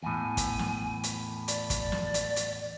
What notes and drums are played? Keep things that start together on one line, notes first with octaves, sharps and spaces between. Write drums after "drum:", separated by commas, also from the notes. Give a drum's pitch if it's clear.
E2 A2 G#5
drum: kick, hi-hat
drum: snare
drum: hi-hat
D5, drum: hi-hat
drum: kick, hi-hat
drum: snare
drum: hi-hat
drum: hi-hat